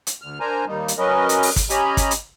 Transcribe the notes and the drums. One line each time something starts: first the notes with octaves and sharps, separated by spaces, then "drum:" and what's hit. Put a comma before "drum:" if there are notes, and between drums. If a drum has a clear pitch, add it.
drum: hi-hat
D2 F6
D4 A#4 C5 G#5 A#5
D#2 G3 A#3 D#4
drum: hi-hat
F#3 C#4 A#4 B4 D#5
drum: hi-hat
drum: open hi-hat
drum: kick, hi-hat
C#4 G4 D#5 G#5 A#5 B5, drum: hi-hat
drum: kick, hi-hat
drum: hi-hat